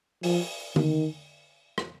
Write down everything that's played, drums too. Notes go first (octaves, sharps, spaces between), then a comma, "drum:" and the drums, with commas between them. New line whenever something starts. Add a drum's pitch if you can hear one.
F3, drum: open hi-hat
D#3, drum: tom D3
drum: rim click